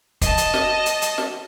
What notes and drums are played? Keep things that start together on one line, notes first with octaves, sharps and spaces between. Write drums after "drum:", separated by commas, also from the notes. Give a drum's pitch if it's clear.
D#5 A5, drum: kick, hi-hat
drum: hi-hat
drum: snare
drum: hi-hat
drum: hi-hat
drum: snare